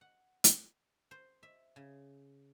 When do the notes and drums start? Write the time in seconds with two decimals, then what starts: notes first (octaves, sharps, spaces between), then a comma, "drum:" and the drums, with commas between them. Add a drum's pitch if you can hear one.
0.01 F#5
0.44 drum: hi-hat
1.11 C5
1.43 E5
1.76 C#3